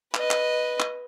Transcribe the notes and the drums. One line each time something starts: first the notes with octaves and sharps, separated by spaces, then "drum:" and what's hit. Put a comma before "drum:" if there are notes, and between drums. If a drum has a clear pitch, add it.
B4 D#5, drum: clap
drum: clap
drum: clap